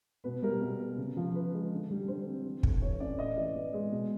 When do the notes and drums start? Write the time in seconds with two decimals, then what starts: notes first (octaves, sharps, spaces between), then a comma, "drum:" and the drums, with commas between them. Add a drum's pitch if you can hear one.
0.24 B2 B4
0.42 G3 A#4
0.61 B2
0.79 B3
0.98 C#3
1.17 F3
1.34 B3 B4
1.54 G#3
1.72 D3
1.90 G3
2.08 D3 C5
2.26 C4
2.45 E3
2.63 A3, drum: kick
2.81 E3 C#5
3.00 C#4 D5
3.19 A2 D#5
3.37 E3 D5
3.55 B3
3.74 G#3
3.91 B2